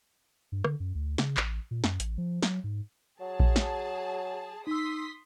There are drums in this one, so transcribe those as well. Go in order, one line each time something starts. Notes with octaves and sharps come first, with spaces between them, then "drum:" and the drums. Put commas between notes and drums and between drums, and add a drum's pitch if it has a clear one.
G2
D3, drum: rim click
F#2
D2
C#3, drum: snare
A1, drum: clap
A#2
F#2, drum: snare
A1, drum: hi-hat
F3
F#3, drum: snare
G#2
F#3 G#4 A5
drum: kick A#1
drum: snare
D#4 C6 D#6 E6 B6